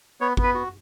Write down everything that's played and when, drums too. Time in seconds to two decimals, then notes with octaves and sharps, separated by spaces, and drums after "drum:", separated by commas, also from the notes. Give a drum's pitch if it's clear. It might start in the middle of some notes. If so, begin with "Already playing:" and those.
0.21 B3 C#5
0.37 B3, drum: kick G#1
0.43 B4
0.54 F#4